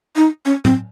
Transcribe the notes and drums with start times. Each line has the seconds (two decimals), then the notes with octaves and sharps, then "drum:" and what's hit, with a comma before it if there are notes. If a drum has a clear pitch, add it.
0.16 D#4
0.46 C#4
0.65 C4, drum: tom A2